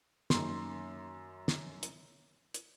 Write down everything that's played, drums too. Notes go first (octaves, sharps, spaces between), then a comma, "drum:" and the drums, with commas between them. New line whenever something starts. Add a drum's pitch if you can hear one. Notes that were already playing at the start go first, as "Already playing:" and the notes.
F#2 D#3 A#3 C6, drum: snare
drum: snare
drum: hi-hat
drum: hi-hat